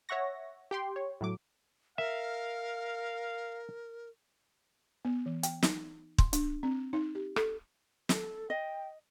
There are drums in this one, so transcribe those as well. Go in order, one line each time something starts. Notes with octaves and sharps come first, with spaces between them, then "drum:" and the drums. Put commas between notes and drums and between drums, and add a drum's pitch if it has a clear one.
C#5 E5 F#5 C#6 A#6
G4 G5 C6
C#5
A2 F#3 D6
A#4 E5 F5
B3
E3
G5, drum: hi-hat
D#4, drum: snare
C6, drum: kick
D4, drum: hi-hat
C4
D#4
G4
A4, drum: rim click
A4, drum: snare
D#5 G5